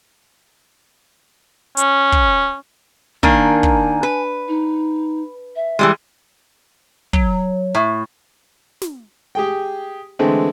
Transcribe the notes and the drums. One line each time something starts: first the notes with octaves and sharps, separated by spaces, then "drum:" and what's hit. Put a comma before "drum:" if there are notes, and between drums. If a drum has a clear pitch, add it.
C#4, drum: hi-hat
drum: kick
D#3 A#3 D4 G#5, drum: kick
drum: kick
B4
D#4
E5
E3 G3 G#3
F#3, drum: kick
A2
drum: snare
G4 G#4 G5
D3 E3 G#3 A3 C4